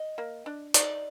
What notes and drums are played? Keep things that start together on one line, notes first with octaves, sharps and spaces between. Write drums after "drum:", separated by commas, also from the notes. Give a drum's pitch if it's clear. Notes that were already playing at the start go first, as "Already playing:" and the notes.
Already playing: D#5
A#3
D4
D#4 D5, drum: hi-hat